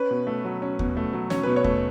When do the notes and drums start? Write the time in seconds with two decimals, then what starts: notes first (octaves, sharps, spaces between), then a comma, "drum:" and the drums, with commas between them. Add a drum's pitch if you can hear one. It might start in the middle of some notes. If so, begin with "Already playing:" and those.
Already playing: C#4 B4
0.11 B2
0.27 A3
0.45 F#3
0.62 C#4
0.79 B2, drum: kick D#2
0.97 A3
1.13 F#3
1.30 C#4 C#5, drum: snare
1.43 B2 B4
1.56 C#5
1.64 A3, drum: kick D#2